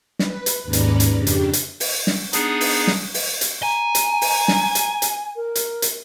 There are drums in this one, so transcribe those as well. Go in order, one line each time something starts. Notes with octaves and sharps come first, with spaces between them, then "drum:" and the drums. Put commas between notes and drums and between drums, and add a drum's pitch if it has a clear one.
B4, drum: snare
drum: hi-hat
D#2 G#2 C#4 B4 D5 A#5
drum: hi-hat
drum: hi-hat
F2 C#3 D4 G4
drum: hi-hat
drum: hi-hat
drum: open hi-hat
drum: snare
B3 D4 D#4 G#4, drum: hi-hat
drum: open hi-hat
drum: snare
drum: open hi-hat
drum: hi-hat
G#5 A#5
drum: hi-hat
drum: open hi-hat
drum: snare
drum: hi-hat
drum: hi-hat
A#4
drum: hi-hat
drum: hi-hat